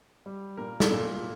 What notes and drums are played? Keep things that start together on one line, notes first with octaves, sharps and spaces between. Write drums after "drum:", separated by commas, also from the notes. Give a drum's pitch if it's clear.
G3
A#2 A#4
A4, drum: snare
A#2